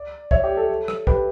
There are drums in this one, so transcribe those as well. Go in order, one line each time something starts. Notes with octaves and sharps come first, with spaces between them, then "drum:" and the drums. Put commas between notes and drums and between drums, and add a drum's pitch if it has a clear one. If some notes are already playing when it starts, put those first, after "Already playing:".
Already playing: D5
C#5 E5, drum: kick
G4
A4
drum: rim click
G4 B4, drum: kick